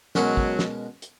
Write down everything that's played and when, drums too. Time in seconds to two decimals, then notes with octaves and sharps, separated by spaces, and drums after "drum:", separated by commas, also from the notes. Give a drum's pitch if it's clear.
0.15 B2 F#3 G#3 C#4 F#4 A#4, drum: snare
0.37 drum: kick
0.59 drum: snare
1.02 drum: hi-hat